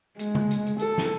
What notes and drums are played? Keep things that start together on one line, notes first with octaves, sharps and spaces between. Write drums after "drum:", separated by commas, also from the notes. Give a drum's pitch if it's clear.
G#3, drum: hi-hat
drum: tom C#3
drum: hi-hat
drum: hi-hat
A4, drum: hi-hat
drum: snare